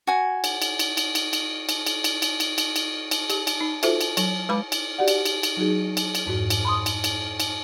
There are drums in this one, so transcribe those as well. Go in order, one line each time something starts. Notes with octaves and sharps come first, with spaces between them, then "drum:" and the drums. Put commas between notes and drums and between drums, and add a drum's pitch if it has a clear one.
F#4 G#5
drum: cymbal
drum: cymbal
drum: cymbal
drum: cymbal
drum: cymbal
drum: cymbal
drum: cymbal
drum: cymbal
drum: cymbal
drum: cymbal
drum: cymbal
drum: cymbal
drum: cymbal
drum: cymbal
G4, drum: cymbal
drum: cymbal
D#4
F4 F#4 A4 C5 E5, drum: cymbal
drum: cymbal
F#3, drum: cymbal
G#3 B4 B5 D6
drum: cymbal
F#4 G4 D5 F#5
drum: cymbal
drum: cymbal
drum: cymbal
F#3 D#4 F#4 G#4
drum: cymbal
drum: cymbal
F2 G#2 F#4
drum: cymbal
B5 C6 D#6
drum: cymbal
drum: cymbal
drum: cymbal